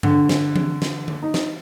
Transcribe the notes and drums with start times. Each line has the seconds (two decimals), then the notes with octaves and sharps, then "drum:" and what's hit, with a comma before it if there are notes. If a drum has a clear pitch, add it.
0.03 D3, drum: tom G2
0.29 drum: snare
0.56 drum: tom E3
0.82 drum: snare
1.08 drum: tom D3
1.23 D#4
1.34 drum: snare